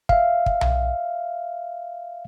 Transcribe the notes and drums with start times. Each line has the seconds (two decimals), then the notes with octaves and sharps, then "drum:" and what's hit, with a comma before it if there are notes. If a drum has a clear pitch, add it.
0.09 E5 F5, drum: kick
0.46 drum: kick
0.61 drum: tom B1